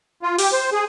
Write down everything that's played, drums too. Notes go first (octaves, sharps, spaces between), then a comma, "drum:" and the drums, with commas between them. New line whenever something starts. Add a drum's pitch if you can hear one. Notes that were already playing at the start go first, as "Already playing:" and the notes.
F4
G4, drum: open hi-hat
C5
G#4